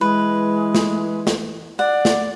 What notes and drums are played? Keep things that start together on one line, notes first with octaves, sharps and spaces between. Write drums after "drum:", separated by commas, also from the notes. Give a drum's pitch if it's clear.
E3 G#3 B4
drum: snare
drum: snare
D5 F#5
drum: snare